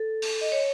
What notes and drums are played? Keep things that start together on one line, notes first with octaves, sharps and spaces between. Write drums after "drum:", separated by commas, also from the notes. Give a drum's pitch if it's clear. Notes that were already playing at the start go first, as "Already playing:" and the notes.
Already playing: A4
drum: open hi-hat
D#5
C#5